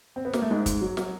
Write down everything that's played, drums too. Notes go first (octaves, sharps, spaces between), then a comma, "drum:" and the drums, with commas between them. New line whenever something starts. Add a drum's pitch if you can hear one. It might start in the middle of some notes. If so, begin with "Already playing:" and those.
C4
B3
A#3, drum: snare
A3
G#2 G#3
drum: kick, hi-hat
F#3
F#3, drum: snare